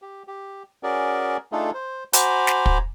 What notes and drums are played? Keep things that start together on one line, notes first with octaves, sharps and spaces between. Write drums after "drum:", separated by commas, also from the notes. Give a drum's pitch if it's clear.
G4
G4
C#4 F#4 G#4 A#4 D5
A3 D4 D#4 F4 G#4 A4
C5
F#4 C5 G#5 A#5 B5 D6, drum: hi-hat
drum: snare
drum: kick